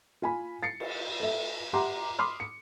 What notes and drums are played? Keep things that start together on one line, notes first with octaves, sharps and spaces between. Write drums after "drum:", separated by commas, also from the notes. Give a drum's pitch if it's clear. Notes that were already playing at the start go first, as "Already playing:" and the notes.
F4 G#5 B5
A6 C7 C#7
drum: cymbal
A4 E5
G4 E5 F#5 A#5 C6 D6
B5 C6 D6 D#6 F6
C#7